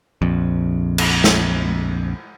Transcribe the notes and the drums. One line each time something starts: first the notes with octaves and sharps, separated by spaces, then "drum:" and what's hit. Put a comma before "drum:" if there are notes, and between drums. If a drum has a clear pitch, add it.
A#1 F2
drum: cymbal
drum: snare